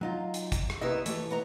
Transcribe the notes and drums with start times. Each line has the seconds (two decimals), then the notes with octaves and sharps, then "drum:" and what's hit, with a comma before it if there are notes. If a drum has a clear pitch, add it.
0.01 F#3 D#4 F4
0.34 drum: hi-hat
0.52 drum: kick, hi-hat
0.70 drum: rim click
0.81 C3 B3 E4 A#4 D#5 E5
1.06 E3 A3 G4, drum: hi-hat
1.31 B3 D#5 A#5